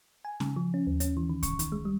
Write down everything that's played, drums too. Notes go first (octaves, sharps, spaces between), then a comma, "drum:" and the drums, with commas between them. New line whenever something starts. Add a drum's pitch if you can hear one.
G#5
C#3, drum: snare
F3
C#4
D#2
C#4, drum: hi-hat
E3
D#3
C#6, drum: kick C2, hi-hat
D#3, drum: hi-hat
G#3
G3